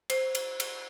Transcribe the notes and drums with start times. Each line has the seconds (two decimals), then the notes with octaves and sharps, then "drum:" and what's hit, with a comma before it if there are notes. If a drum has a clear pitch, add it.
0.10 C5, drum: cymbal
0.35 drum: cymbal
0.60 drum: cymbal